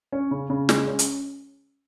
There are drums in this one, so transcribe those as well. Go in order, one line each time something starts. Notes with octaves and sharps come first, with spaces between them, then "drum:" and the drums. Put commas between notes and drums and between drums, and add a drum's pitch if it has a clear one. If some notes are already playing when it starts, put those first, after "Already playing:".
C#4
C#3
C#3
G#3, drum: snare
C#4
drum: hi-hat